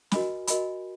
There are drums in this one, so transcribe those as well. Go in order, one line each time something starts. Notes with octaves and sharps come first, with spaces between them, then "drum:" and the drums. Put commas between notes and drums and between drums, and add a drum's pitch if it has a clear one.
F#4 A#4 D#5 G#5 B5, drum: snare
F#4 A#4 D#5 G#5 B5, drum: hi-hat